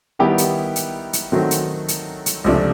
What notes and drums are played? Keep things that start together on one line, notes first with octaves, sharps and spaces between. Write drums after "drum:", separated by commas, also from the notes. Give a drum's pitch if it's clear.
D#3 G3 B3 E4 G4
drum: hi-hat
drum: hi-hat
drum: hi-hat
D#3 F#3 A3 C4
drum: hi-hat
drum: hi-hat
drum: hi-hat
C#2 C3 F3 A3 D4